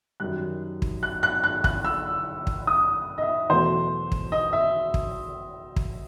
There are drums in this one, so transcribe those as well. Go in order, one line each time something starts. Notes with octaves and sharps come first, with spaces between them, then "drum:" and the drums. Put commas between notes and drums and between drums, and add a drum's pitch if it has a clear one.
F#2 D#3 G3 F#6
drum: kick
F#6
F#6
F#6
F#6, drum: kick
E6
drum: kick
D#6
D#5
E5
E2 B2 F#3 A3 C5
drum: kick
D#5
E5
drum: kick
drum: kick